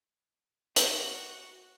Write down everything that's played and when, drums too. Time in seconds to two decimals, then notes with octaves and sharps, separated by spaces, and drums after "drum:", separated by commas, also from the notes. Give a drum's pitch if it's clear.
0.76 F#4, drum: hi-hat